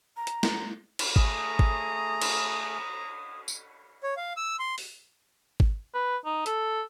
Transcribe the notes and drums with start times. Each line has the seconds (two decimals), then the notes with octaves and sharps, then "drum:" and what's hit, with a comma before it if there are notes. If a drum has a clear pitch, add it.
0.17 A#5
0.27 drum: hi-hat
0.43 drum: snare
0.99 drum: cymbal
1.16 A3 G#4 A#5 D#6, drum: kick G#1
1.59 drum: kick G#1
2.22 drum: cymbal
3.48 drum: tambourine
4.03 C#5
4.17 F5
4.37 E6
4.59 C6
4.78 drum: open hi-hat
5.60 drum: kick G#1
5.94 B4
6.26 D#4
6.46 A4, drum: hi-hat